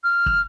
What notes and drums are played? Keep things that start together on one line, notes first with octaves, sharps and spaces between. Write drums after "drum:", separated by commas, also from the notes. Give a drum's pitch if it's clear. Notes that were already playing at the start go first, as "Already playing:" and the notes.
F6
drum: kick